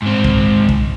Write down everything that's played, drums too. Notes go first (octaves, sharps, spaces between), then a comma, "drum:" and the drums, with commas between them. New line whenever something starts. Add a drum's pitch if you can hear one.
G#2 C4
drum: kick
drum: kick